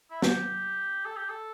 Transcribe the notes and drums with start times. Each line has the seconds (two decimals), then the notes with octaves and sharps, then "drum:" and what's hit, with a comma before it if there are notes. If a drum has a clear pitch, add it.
0.10 E4
0.22 G4, drum: snare
1.05 A4
1.17 G4
1.29 A4